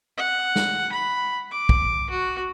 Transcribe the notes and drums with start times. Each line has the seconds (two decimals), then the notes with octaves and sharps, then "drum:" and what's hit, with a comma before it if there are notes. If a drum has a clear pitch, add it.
0.18 F#5
0.56 drum: snare
0.92 B5
1.51 D6
1.69 drum: kick
2.10 F#4